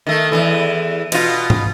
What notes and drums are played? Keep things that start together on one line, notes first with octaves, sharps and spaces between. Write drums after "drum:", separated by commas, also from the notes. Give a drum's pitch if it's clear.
D#3 A3
E2 G2 E3
B2 F4, drum: cymbal
drum: tom G#2